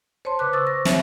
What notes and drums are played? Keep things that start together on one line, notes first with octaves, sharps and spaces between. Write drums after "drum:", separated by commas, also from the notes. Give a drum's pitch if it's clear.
C5 C#5 A5 C6
C#3 B4 D6 F#6
C5 C#6 D#6 E6 A6
A#6
C#5 E5, drum: snare